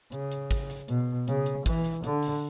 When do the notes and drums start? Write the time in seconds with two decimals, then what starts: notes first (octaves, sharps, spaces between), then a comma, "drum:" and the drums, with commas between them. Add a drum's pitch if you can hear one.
0.12 C#3, drum: hi-hat
0.32 drum: hi-hat
0.51 drum: kick, hi-hat
0.70 drum: hi-hat
0.88 B2, drum: hi-hat
1.28 C#3, drum: hi-hat
1.46 drum: hi-hat
1.66 E3, drum: kick, hi-hat
1.84 drum: hi-hat
2.04 D3, drum: hi-hat
2.23 drum: open hi-hat